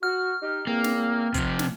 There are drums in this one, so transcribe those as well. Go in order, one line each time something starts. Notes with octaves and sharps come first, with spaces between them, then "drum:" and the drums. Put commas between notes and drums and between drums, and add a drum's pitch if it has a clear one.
F#4 F6
D#4 G4
E2 A#3 C4
drum: snare
C3 F3, drum: kick, hi-hat
drum: snare